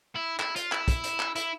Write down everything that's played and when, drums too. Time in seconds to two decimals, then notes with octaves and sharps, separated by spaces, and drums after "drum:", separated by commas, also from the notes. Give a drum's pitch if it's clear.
0.16 E4
0.40 E4, drum: clap
0.56 F4, drum: hi-hat
0.72 E4, drum: clap
0.88 drum: kick, hi-hat
1.04 drum: hi-hat
1.20 drum: clap
1.36 E4, drum: hi-hat